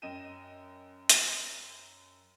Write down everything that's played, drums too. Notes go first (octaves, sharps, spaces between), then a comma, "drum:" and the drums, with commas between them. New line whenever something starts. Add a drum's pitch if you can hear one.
F#2 D#5 G5 D#7 E7
drum: hi-hat